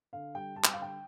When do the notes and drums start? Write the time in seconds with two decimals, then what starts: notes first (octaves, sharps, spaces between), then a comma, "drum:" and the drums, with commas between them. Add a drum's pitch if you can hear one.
0.13 D3 F5
0.35 G3 G5
0.56 G3 A5
0.64 G5, drum: clap
0.73 D3 F5
0.82 G5